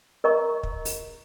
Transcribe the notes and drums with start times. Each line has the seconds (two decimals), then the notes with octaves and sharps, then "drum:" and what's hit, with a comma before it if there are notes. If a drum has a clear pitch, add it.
0.24 A#4 D#5 A#5 C#6
0.63 drum: kick
0.85 drum: open hi-hat